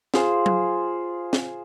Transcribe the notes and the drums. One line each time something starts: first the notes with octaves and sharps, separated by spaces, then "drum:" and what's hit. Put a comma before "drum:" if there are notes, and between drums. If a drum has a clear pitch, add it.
F4 G#4 C5, drum: snare
drum: tom F#3
drum: snare